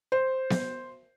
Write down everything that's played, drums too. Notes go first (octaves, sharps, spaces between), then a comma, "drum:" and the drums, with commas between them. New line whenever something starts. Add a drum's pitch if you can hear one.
C5
drum: snare B3